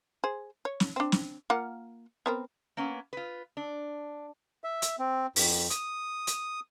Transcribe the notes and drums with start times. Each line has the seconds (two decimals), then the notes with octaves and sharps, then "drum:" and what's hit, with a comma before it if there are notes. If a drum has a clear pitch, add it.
0.24 G#4 C5
0.65 C#5
0.80 drum: snare
0.96 C4 D4
1.12 drum: snare
1.50 A#3 F4 F#5
2.26 B3 C4 A#4
2.77 A#3 B3 C#4
3.13 F4 B4
3.57 D4
4.64 E5
4.82 drum: hi-hat
4.99 C4
5.36 F2, drum: open hi-hat
5.70 D#6, drum: hi-hat
6.27 drum: hi-hat